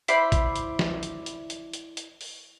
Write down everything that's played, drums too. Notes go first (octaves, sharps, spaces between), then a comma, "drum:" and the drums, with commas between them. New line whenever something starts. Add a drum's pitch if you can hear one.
E4 C5 D5 B5, drum: hi-hat
drum: kick A#1, hi-hat
drum: hi-hat
drum: snare
drum: hi-hat
drum: hi-hat
drum: hi-hat
drum: hi-hat
drum: hi-hat
drum: open hi-hat